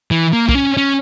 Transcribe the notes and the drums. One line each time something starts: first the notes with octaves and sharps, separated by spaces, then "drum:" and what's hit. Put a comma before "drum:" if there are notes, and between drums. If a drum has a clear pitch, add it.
E3
A#3
A#3, drum: kick
C#4
C#4